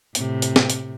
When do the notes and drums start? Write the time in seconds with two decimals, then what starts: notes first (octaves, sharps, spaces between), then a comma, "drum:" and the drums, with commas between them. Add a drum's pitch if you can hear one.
0.15 A2 C3, drum: hi-hat
0.42 drum: hi-hat
0.56 drum: snare
0.70 drum: hi-hat